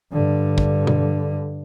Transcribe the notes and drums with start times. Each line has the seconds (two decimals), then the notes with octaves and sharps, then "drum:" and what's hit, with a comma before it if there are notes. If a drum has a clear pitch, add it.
0.12 G2 D3
0.58 drum: kick
0.87 drum: tom B2